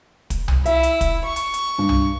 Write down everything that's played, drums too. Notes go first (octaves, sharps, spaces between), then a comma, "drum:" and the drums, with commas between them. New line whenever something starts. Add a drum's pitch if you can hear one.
drum: kick, hi-hat
drum: tom C2
E4 E5, drum: hi-hat
drum: hi-hat
drum: kick, hi-hat
C#6
drum: hi-hat
drum: hi-hat
G2
drum: tom C2